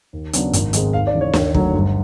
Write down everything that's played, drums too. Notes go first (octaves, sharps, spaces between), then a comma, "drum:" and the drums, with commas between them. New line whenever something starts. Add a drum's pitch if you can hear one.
D#2
C#3 F#3 B3 D4, drum: hi-hat
G#1, drum: hi-hat
G#2 D#3 G#3 C4, drum: hi-hat
D#2 F5
D5
C#3 E3
C#5
D#2 C#5, drum: snare
D3 F#3 A3, drum: kick
G1